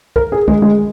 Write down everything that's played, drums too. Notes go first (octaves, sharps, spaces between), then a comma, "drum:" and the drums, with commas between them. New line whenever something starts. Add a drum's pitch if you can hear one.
A#4, drum: kick
G#4
G#3, drum: kick
G#3